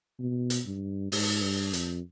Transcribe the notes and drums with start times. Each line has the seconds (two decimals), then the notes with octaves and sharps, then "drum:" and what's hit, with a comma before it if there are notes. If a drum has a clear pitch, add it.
0.19 B2
0.50 drum: hi-hat
0.66 G2
1.12 G#2, drum: open hi-hat
1.42 G2
1.73 F2, drum: hi-hat